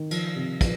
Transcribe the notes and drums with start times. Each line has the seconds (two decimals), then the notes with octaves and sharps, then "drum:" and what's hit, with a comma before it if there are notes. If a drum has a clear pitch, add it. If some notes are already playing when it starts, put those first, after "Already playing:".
Already playing: D#3
0.11 F3, drum: cymbal
0.36 C3
0.61 F3, drum: kick, cymbal